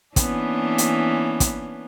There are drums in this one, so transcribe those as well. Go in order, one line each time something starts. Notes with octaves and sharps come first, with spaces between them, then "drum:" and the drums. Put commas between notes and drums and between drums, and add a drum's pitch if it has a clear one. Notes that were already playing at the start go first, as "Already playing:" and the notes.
E3 A#3 B3 C#4 D4, drum: kick, hi-hat
drum: hi-hat
drum: kick, hi-hat